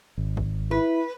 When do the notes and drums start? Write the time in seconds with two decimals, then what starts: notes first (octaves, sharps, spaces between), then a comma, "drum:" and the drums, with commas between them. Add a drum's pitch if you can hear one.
0.18 G#1
0.37 drum: kick
0.71 E4 B4